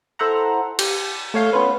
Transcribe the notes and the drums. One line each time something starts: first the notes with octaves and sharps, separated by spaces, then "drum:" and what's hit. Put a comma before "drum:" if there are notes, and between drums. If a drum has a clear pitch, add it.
E4 A4 C5 E5 F#5 A#5
G4 G5 C#7, drum: cymbal
A3 C#5 F5 G6
B3 C#4 F4 B4 C#5